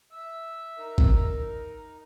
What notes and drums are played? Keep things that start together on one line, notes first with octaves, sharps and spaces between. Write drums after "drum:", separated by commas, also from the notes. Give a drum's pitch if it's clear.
E5 E6
D#4 A#4
drum: kick G#1